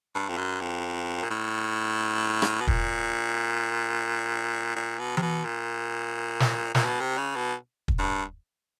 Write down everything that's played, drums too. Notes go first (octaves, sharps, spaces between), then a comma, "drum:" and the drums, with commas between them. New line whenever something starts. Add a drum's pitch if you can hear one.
G2
F2
F#2
F2
A#2
A2
drum: rim click
B2
A#2, drum: kick
A#2
B2
C3, drum: tom E3
B2
A#2
drum: snare
A#2, drum: snare
B2
C3
C#3
B2
drum: kick
G2